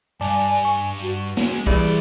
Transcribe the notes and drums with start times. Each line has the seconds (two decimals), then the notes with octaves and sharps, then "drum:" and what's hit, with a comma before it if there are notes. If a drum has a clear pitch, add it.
0.21 G2 D5 G#5 A5
0.65 C#6
1.02 F#4
1.37 G#3 C#4, drum: snare
1.67 C2 E3 G3 E4 G#4 D5, drum: kick B1